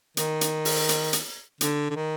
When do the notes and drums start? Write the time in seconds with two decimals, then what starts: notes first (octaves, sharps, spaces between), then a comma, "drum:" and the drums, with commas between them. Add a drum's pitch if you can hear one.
0.17 D#3, drum: hi-hat
0.41 drum: hi-hat
0.65 drum: open hi-hat
0.89 drum: hi-hat
1.13 drum: hi-hat
1.61 D3, drum: hi-hat
1.90 D3
1.96 D#3